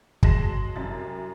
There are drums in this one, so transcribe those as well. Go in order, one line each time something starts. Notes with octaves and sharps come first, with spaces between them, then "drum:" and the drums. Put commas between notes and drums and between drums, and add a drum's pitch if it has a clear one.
F#3 G#3 A5 A#6 E7, drum: kick
C2 F#2 A6